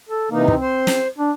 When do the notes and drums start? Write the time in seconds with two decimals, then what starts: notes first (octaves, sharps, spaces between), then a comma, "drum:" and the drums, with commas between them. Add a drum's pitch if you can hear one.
0.09 A4
0.31 C3 E3 A#3 D#4
0.48 C4, drum: kick
0.61 C5
0.87 drum: snare
1.18 D4